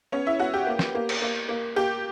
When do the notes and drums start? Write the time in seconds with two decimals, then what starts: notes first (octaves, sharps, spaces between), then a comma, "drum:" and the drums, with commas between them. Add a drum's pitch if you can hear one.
0.12 B3 C#4 C#5
0.26 E4 E5
0.39 B3 F#4 F#5
0.54 G4 G5
0.67 A#3
0.79 drum: snare
0.95 A#3
1.09 drum: cymbal
1.22 A#3
1.49 A#3
1.76 A#3 G4 G5